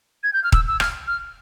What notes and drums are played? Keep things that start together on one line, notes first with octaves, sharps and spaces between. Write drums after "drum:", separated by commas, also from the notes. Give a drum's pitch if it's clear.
G#6
G6
F6
E6, drum: kick D#1
E6
F6, drum: rim click
F6